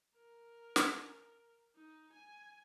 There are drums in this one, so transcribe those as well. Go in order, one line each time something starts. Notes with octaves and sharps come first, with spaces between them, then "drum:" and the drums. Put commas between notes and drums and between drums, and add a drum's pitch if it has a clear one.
A#4
drum: snare
D#4
G#5